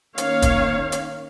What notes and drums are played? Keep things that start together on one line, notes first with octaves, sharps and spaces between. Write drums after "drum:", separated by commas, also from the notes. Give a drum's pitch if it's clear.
D#3 A#3 C#4 C#5 F5, drum: hi-hat
drum: kick, hi-hat
drum: hi-hat